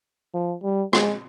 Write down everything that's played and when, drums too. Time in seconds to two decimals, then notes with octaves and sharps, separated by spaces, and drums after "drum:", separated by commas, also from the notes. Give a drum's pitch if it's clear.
0.34 F3
0.63 G3
0.93 G#3, drum: rim click